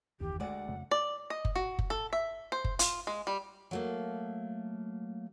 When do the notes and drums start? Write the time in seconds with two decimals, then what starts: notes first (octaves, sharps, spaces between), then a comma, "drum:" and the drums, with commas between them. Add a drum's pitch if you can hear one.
0.20 F#1 D#2 E3 G4
0.40 D2 G#3 D5 F#5
0.68 F2 C#3 A3
0.91 D5
1.30 D#5
1.45 drum: kick F#1
1.55 F#4
1.79 drum: kick F#1
1.90 A4
2.13 E5
2.52 C5
2.64 drum: kick F#1
2.79 F4, drum: hi-hat
3.07 G#3
3.27 G3
3.71 F#3 A3 A#3